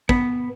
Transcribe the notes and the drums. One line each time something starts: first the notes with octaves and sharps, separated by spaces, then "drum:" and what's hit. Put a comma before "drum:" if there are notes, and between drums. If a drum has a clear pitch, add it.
B3, drum: kick